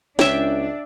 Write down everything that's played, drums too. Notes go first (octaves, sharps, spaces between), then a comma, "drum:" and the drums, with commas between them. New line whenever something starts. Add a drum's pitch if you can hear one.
C#2 D4 C#5 E5 G5, drum: snare